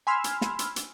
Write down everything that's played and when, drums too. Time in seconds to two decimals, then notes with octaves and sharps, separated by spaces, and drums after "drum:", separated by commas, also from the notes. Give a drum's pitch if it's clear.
0.07 G#5 B5 C6 E6 F6
0.24 drum: hi-hat
0.41 drum: snare
0.59 drum: hi-hat
0.76 drum: hi-hat